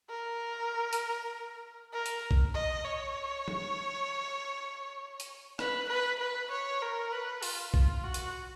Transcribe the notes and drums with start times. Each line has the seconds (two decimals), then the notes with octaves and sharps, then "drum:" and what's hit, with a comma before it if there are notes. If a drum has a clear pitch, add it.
0.09 A#4
0.93 drum: hi-hat
1.93 A#4
2.06 drum: hi-hat
2.31 drum: kick
2.55 D#5
2.85 C#5
3.48 drum: tom F3
5.20 drum: hi-hat
5.59 B4, drum: rim click
5.90 B4
6.20 B4
6.52 C#5
6.82 A#4
7.12 B4
7.43 F4, drum: open hi-hat
7.74 F4, drum: kick
8.03 F#4
8.14 drum: hi-hat